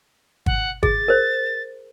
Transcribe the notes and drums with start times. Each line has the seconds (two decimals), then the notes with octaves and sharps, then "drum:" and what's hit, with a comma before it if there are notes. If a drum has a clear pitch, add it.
0.46 F#5, drum: kick
0.83 G#4 A6, drum: kick
1.08 A#4 C5